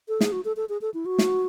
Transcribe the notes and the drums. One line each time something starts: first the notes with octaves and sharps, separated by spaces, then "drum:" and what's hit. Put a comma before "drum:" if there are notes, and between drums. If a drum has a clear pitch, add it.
A4
G#4, drum: snare
F#4
A4
A4
G#4
A4
E4
F#4
drum: snare